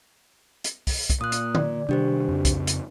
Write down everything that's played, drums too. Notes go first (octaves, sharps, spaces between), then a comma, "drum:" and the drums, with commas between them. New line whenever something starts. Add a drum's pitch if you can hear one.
drum: hi-hat
drum: kick, open hi-hat
drum: kick, hi-hat
A#2 D#6 F#6
drum: hi-hat
D5, drum: tom D3
C3 D#3 G3 D4 G4 C5
F2 C#3
drum: kick, hi-hat
drum: hi-hat